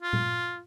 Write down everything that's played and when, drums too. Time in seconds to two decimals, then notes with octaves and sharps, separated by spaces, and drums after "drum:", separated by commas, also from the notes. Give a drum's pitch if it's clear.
0.03 F4
0.13 drum: tom A#2